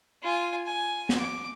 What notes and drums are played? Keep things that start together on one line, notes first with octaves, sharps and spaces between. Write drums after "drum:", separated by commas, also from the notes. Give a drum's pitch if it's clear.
F4 G#5
G#5
drum: snare
D6